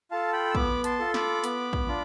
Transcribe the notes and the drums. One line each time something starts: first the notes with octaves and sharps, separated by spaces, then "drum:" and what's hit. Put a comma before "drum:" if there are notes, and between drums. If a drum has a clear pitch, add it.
F4 A4 F5 A5
G5 B5
E6
B3 B5 D6, drum: kick
A5 C6, drum: hi-hat
F4 A4
B5 D6, drum: snare
B3, drum: hi-hat
drum: kick
D4 F4